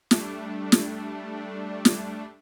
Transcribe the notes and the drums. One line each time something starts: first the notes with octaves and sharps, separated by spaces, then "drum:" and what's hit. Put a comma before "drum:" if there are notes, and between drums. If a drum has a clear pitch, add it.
G3 A3 D4, drum: snare
drum: snare
drum: snare